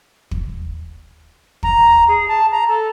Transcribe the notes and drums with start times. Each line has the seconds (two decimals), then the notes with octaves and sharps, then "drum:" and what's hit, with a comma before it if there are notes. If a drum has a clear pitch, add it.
0.31 drum: kick
1.63 A#5, drum: kick
2.07 G#4
2.28 A5
2.51 A#5
2.68 A4